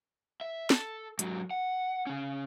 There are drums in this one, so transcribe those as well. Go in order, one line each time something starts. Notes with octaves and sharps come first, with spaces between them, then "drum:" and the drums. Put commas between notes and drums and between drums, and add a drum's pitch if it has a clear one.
E5
A4, drum: snare
G#2 F#3, drum: hi-hat
F#5
C#3 C#4